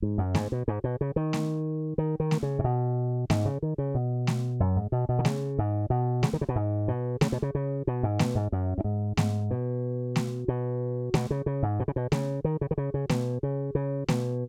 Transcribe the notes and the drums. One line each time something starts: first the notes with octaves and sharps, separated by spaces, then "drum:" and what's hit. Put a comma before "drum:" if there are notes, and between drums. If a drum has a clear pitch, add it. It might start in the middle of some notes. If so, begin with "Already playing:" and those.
G#2
F#2
G#2, drum: snare A3
B2
G#2
B2
C#3
D#3
drum: snare A3
D#3
D#3
drum: snare A3
C#3
G#2
B2
G#2, drum: snare A3
C#3
D#3
C#3
B2
drum: snare A3
F#2
G#2
B2
B2
D#3
C#3, drum: snare A3
G#2
B2
C#3, drum: snare A3
D#3
C#3
B2
G#2
B2
C#3, drum: snare A3
B2
C#3
C#3
B2
G#2
B2, drum: snare A3
G#2
F#2
F#2
G#2
G#2, drum: snare A3
B2
drum: snare A3
B2
B2, drum: snare A3
C#3
C#3
G#2
B2
C#3
B2
C#3, drum: snare A3
D#3
C#3
D#3
C#3
C#3
B2, drum: snare A3
C#3
C#3
B2, drum: snare A3